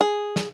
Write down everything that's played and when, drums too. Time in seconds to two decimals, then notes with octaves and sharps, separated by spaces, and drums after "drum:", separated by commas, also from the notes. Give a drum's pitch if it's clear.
0.01 G#4
0.36 drum: snare